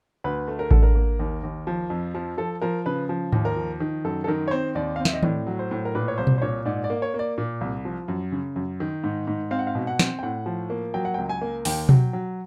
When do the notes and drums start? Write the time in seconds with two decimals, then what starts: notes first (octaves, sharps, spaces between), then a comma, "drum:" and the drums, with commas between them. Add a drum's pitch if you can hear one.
0.24 D2 B4
0.48 A3
0.59 A#4
0.71 D3 A4, drum: kick A1
0.83 A#4
0.95 A#3
1.19 D#2
1.43 D#2
1.67 F3
1.90 F2
2.15 F3
2.37 F3 A4
2.62 F3 A#4
2.86 C#3 B4
3.09 F3
3.32 D#2, drum: tom G#2
3.45 A#4
3.56 F3
3.80 D#3
4.04 F#2 A4
4.24 A4
4.27 D#3 A#4
4.48 C#5
4.51 C4 C5
4.75 D#2 D5
4.96 C4 F5
5.05 E5, drum: snare
5.13 D#5
5.23 A2 D5, drum: tom D#3
5.47 F#3
5.59 C5
5.71 A2
5.85 A#4
5.95 A#2 B4
6.08 C#5
6.18 C2 C5
6.27 drum: tom B2
6.38 C5
6.42 A#2 C#5
6.65 G#2 D5
6.84 D5
6.90 A#3
7.02 C#5
7.14 A#3
7.19 D5
7.38 A#2
7.61 C2
7.85 F3
8.08 F#2
8.32 C#3
8.56 F#2
8.80 D#3
9.04 G#2
9.27 G#2
9.51 C4 F5
9.59 F#5
9.67 F5
9.75 B2
9.87 F#5
9.99 C4, drum: snare
10.19 G5
10.23 A2 F#5
10.46 F3
10.70 A#3
10.94 F#3 G5
11.05 F#5
11.14 C#2 G5
11.29 G#5
11.42 A#3
11.65 D#2 G5, drum: open hi-hat
11.89 F#3, drum: tom B2
12.13 F#3